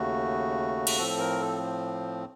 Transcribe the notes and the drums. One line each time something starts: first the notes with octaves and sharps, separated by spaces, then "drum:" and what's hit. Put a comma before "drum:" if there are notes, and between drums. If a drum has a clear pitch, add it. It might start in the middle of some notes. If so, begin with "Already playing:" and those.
Already playing: D#2 C#3 A3 F#4
drum: cymbal
A2 F3 C4 A4
A#4
A4